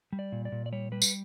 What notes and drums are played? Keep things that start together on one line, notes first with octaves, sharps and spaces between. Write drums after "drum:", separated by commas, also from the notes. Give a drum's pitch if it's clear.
G3
D5
A#2
D5
A#2
D5
G3 C#5
G3 B4
drum: tambourine